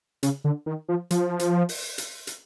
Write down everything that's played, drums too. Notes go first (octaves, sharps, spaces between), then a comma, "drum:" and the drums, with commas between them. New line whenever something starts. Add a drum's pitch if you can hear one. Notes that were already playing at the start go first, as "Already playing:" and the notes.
C#3, drum: hi-hat
D3
D#3
F3
F3, drum: hi-hat
drum: hi-hat
drum: open hi-hat
drum: hi-hat
drum: hi-hat